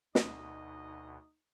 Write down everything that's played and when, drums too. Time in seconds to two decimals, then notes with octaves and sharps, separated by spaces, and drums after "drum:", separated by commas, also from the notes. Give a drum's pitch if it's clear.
0.15 D2 B2 D#4 D#5, drum: snare